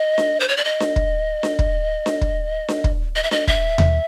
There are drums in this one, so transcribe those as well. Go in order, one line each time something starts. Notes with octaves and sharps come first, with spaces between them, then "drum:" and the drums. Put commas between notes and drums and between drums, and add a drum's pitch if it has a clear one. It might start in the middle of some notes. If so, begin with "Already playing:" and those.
Already playing: D#5
drum: snare D4
C5
C#5
D5
D#5
drum: snare D4
drum: kick
drum: snare D4
drum: kick
drum: snare D4
drum: kick
drum: snare D4
drum: kick
D#5
E5
D#5, drum: snare D4
E5, drum: kick
drum: tom D#2